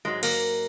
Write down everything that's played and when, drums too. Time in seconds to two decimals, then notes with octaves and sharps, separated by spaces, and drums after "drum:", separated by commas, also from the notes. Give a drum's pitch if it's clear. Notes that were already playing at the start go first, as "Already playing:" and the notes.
0.05 G#2 F#3 G#3
0.23 A#3, drum: cymbal